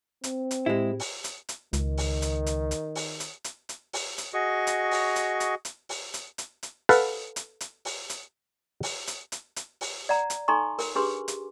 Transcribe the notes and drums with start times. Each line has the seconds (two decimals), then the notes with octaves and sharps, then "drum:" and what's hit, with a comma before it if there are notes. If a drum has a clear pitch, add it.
0.24 C4, drum: hi-hat
0.51 drum: hi-hat
0.66 A2 G#3 E4 G4
1.00 drum: open hi-hat
1.24 drum: hi-hat
1.49 drum: hi-hat
1.73 C#2 D#3, drum: hi-hat
1.98 drum: open hi-hat
2.22 drum: hi-hat
2.46 drum: hi-hat
2.71 drum: hi-hat
2.95 drum: open hi-hat
3.20 drum: hi-hat
3.44 drum: hi-hat
3.69 drum: hi-hat
3.93 drum: open hi-hat
4.18 drum: hi-hat
4.34 F#4 G#4 D#5 C#6
4.67 drum: hi-hat
4.91 drum: open hi-hat
5.16 drum: hi-hat
5.40 drum: hi-hat
5.65 drum: hi-hat
5.89 drum: open hi-hat
6.14 drum: hi-hat
6.38 drum: hi-hat
6.63 drum: hi-hat
6.89 A4 B4 F5 F#5, drum: open hi-hat
7.36 drum: hi-hat
7.61 drum: hi-hat
7.85 drum: open hi-hat
8.09 drum: hi-hat
8.83 drum: open hi-hat
9.07 drum: hi-hat
9.32 drum: hi-hat
9.56 drum: hi-hat
9.81 drum: open hi-hat
10.09 D5 F#5 A#5
10.30 drum: hi-hat
10.48 D#4 A4 G#5 A#5 C6 C#6
10.79 A#4, drum: open hi-hat
10.95 D4 G4 G#4 B4 C6 D6
11.28 drum: hi-hat